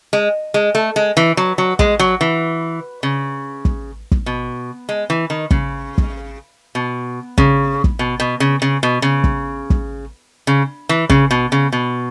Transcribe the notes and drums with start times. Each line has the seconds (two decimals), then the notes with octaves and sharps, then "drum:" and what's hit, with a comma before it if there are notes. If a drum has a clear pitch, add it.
0.13 G#3
0.54 G#3
0.75 A3
0.96 G#3
1.17 E3
1.37 F#3
1.58 F#3
1.79 G#3, drum: kick
1.99 F#3
2.21 E3
3.03 C#3
3.65 drum: kick
4.11 drum: kick
4.26 B2
4.89 G#3
5.10 E3
5.30 D#3
5.51 C#3, drum: kick
5.98 drum: kick
6.75 B2
7.38 C#3, drum: kick
7.84 drum: kick
7.99 B2
8.20 B2
8.40 C#3
8.62 C#3
8.83 B2
9.02 C#3
9.24 drum: kick
9.70 drum: kick
10.47 C#3
10.89 E3
11.10 C#3, drum: kick
11.31 B2
11.52 C#3
11.73 B2